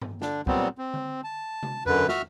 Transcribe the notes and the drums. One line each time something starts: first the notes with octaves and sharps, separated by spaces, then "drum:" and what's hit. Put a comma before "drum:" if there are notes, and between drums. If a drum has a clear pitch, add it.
drum: tom G2
D3 D4, drum: snare
A#2 F#3 G3 B3 C4, drum: kick
C4
drum: tom D3
A5
drum: tom C3
F#2 D3 B4, drum: tom E2
F#4 E5 F6, drum: snare